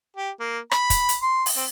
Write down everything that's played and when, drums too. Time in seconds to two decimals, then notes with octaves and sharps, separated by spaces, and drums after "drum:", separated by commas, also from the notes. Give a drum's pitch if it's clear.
0.16 G4
0.39 A#3
0.71 B5, drum: rim click
0.90 drum: kick, hi-hat
1.09 drum: hi-hat
1.22 C6
1.46 drum: open hi-hat
1.56 C4